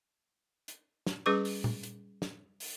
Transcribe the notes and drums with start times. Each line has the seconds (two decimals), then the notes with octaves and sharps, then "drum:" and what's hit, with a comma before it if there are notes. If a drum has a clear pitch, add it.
0.68 drum: hi-hat
1.07 drum: snare
1.26 G3 C#4 G#4 B4 C#6 D6
1.45 drum: open hi-hat
1.64 drum: tom A#2
1.83 drum: hi-hat
2.22 drum: snare
2.60 drum: open hi-hat